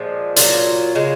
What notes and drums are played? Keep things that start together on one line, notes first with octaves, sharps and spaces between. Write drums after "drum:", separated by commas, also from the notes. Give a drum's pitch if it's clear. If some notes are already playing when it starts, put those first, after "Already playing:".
Already playing: A#2 F3 G#3
A#2 F#3 F4, drum: hi-hat
C#3 G#3